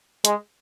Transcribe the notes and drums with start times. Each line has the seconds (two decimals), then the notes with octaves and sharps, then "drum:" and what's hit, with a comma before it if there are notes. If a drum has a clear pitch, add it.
0.25 G#3, drum: hi-hat